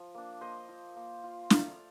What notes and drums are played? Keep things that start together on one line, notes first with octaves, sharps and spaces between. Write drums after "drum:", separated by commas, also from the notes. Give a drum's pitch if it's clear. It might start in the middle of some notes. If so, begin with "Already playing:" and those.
Already playing: F3
A#3 D4
A#3 C5 D#5
F4
A#3
F4
A3 D5 F5, drum: snare